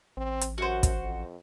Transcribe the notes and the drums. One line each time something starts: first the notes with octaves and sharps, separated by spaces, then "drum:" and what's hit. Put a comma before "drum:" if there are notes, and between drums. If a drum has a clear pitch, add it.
A1 C4
drum: hi-hat
F#2 F#4 C5
drum: kick, hi-hat
F2